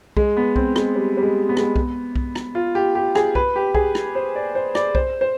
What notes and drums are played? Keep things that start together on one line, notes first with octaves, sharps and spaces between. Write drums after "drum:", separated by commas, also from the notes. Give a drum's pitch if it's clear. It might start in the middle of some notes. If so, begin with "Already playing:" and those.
G#3, drum: kick B1
B3
C4, drum: kick B1
G#3, drum: rim click
G3
G3
G#3
B3
G#3, drum: rim click
B3
drum: kick B1
drum: kick B1
drum: rim click
F4
G4
G4
G#4, drum: rim click
B4, drum: kick B1
G4
G#4, drum: kick B1
drum: rim click
C5
D5
C5
D5, drum: rim click
C5, drum: kick B1
C5